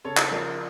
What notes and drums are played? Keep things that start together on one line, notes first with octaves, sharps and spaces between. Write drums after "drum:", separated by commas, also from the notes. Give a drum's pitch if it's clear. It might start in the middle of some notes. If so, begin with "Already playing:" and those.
C#3 A4 C#5
drum: clap
F3 A#4 D5